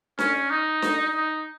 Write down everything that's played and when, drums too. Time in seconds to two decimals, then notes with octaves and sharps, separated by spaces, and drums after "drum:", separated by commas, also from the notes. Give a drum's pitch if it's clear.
0.19 C#4, drum: snare D4
0.51 D#4
0.82 drum: snare D4
1.15 D#4